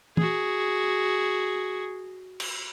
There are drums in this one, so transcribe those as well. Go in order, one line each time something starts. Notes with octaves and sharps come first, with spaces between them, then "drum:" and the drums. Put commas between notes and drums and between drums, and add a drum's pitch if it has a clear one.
F#4 G#4, drum: tom
drum: cymbal